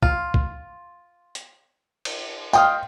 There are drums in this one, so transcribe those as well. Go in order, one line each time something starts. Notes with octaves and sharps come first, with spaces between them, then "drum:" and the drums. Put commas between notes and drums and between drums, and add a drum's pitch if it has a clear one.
F4, drum: kick
drum: kick
drum: hi-hat
drum: cymbal
F4 D#5 F5 G5, drum: tambourine